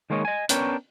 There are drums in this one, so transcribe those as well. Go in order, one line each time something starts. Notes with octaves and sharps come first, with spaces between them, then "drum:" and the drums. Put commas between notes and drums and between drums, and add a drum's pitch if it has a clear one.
D#3 G#3 A#3 C#5 D#5
D#5 G#5
B3 C#4 D4 A#4 C#5 G5, drum: hi-hat